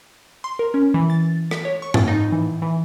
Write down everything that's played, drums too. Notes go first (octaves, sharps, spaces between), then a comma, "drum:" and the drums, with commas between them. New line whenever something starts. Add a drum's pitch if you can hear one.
C6
A#4
C#4
E3
A6
B6, drum: rim click
C#5
C#6
A6, drum: tom G#2
D#4
E3
E3